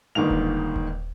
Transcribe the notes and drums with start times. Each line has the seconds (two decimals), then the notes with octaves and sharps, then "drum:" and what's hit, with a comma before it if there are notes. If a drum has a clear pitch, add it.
0.15 G1 G#2 D#3 A#3 F7
0.30 drum: kick D#1
0.76 drum: kick D#1